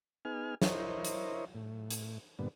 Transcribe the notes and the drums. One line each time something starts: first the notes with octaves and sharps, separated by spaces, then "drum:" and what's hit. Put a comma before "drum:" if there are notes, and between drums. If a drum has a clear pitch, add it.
B3 D#4 G#4 G#5 F6
E4 A#4 C5 C#5 D#5, drum: snare
drum: hi-hat
A2
drum: hi-hat
G2 A#2 D3 B3